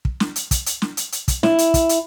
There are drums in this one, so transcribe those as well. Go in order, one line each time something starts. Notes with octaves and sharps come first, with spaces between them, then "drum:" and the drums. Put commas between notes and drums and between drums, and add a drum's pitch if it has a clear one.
drum: kick
drum: snare
drum: hi-hat
drum: kick, hi-hat
drum: hi-hat
drum: snare
drum: hi-hat
drum: hi-hat
drum: kick, hi-hat
E4, drum: snare
drum: hi-hat
drum: kick, hi-hat
drum: hi-hat